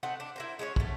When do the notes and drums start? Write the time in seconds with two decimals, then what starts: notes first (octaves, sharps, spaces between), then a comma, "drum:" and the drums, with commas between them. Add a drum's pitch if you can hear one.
0.03 A3 C4 D#4 F#5
0.20 D4
0.36 E4 A#4 C5
0.59 G#3 C#4 E4 C#5
0.76 B2 A3, drum: kick